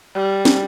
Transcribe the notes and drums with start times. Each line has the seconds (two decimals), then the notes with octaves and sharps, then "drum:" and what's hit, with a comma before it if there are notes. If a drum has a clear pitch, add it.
0.14 G3
0.45 drum: snare